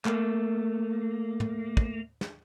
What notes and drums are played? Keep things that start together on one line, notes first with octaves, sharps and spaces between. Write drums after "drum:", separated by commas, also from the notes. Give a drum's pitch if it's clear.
A3 A#3, drum: clap
drum: tom
drum: kick
drum: snare